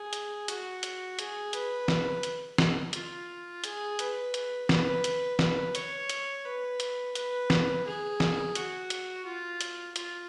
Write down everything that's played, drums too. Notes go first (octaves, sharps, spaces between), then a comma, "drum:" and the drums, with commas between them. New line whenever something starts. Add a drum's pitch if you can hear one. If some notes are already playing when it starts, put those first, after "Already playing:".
Already playing: G#4
drum: hi-hat
F#4, drum: hi-hat
drum: hi-hat
G#4, drum: hi-hat
B4, drum: hi-hat
drum: snare
drum: hi-hat
drum: snare
F4, drum: hi-hat
G#4, drum: hi-hat
B4, drum: hi-hat
drum: hi-hat
B4, drum: snare
drum: hi-hat
B4, drum: snare
C#5, drum: hi-hat
drum: hi-hat
B4
drum: hi-hat
B4, drum: hi-hat
drum: snare
G#4
drum: snare
F#4, drum: hi-hat
drum: hi-hat
F4
drum: hi-hat
F4, drum: hi-hat